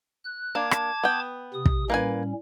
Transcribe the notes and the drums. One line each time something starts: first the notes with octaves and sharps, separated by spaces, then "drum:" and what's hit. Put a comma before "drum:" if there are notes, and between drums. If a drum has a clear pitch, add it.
F#6
A#3 D4 A5 D6 G#6
drum: rim click
B3 G5
C3 D#6
drum: kick
A2 G3 A#3 C#4 B4 G#5